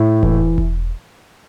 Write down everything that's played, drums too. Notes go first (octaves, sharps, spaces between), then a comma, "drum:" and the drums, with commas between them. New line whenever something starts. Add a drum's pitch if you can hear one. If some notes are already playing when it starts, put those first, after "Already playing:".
Already playing: A2
E3, drum: kick E1
drum: kick E1